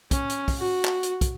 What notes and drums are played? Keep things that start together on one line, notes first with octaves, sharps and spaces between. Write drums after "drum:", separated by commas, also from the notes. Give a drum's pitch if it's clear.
C#4, drum: kick, hi-hat
drum: hi-hat
drum: kick, open hi-hat
F#4
drum: clap
drum: hi-hat
drum: kick, hi-hat